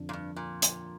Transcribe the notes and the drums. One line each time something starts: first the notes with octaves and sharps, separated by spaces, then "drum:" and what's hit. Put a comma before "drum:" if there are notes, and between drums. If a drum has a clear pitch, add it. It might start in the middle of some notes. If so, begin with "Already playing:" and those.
Already playing: F2 D3 F3 D4
A#2
G2
A#2
drum: hi-hat